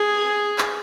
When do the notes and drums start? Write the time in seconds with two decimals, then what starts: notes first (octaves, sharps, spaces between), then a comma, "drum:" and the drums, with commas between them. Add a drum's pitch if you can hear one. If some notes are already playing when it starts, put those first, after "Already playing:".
Already playing: G#4
0.58 drum: clap